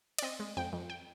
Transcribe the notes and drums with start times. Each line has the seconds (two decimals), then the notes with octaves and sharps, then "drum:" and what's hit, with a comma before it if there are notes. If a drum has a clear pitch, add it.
0.18 D5, drum: cymbal
0.22 C4 D#5
0.40 G#3
0.57 F2 G5
0.73 F2
0.90 G5